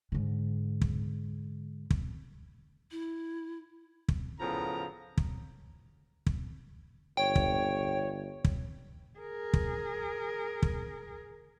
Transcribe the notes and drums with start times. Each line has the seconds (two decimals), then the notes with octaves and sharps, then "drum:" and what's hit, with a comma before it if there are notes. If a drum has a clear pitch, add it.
0.12 G#2 D3
0.81 drum: kick
1.90 drum: kick
2.91 E4
4.08 drum: kick
4.40 A2 C#3 F3 B3 A#5
5.17 drum: kick
6.26 drum: kick
7.17 G1 C#5 G5
7.36 drum: kick
8.45 drum: kick
9.19 G#4 A#4
9.54 drum: kick
10.63 drum: kick